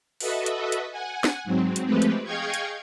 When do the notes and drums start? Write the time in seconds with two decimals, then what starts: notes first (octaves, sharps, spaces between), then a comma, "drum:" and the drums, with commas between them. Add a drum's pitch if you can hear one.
0.20 F#4 A4 B4 D#5 E5, drum: open hi-hat
0.46 drum: hi-hat
0.72 drum: hi-hat
0.91 F#5 G#5
1.24 drum: snare
1.44 G#2 F#3 C4
1.76 drum: hi-hat
1.86 F3 G#3 A3 C4 G4 B4
2.02 drum: hi-hat
2.24 G#4 D#5 F5 G5 C#6 G#6
2.54 drum: hi-hat